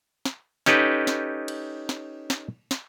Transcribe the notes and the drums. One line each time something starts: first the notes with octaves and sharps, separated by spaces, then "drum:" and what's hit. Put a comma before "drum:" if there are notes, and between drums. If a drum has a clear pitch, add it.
drum: snare
C#4 D#4 G4 A4 B4, drum: snare
drum: snare
drum: cymbal
drum: snare
drum: snare
drum: snare